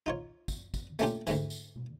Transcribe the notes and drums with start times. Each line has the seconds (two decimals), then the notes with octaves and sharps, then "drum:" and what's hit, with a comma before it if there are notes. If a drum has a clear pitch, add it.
0.06 D#4 F4 C#5
0.48 drum: kick, tambourine
0.74 drum: kick, tambourine
0.99 A3 A#3 C#4 D4 F4 G4, drum: tambourine
1.27 D2 G#2 E3, drum: tambourine
1.50 drum: tambourine
1.76 drum: tom B2